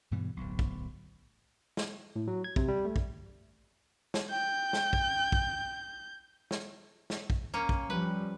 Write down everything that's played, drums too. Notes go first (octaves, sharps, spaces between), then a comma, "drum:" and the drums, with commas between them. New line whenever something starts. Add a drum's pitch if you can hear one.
G2 B2 E3 G3
D1 B1
drum: kick
drum: snare
A2
F#3
G#6
C3, drum: kick
G3
A3
drum: kick
drum: snare
G5 G6
drum: snare
drum: kick
drum: kick
drum: snare
drum: snare
drum: kick
A#3 C#4
drum: kick
F3 G3 B4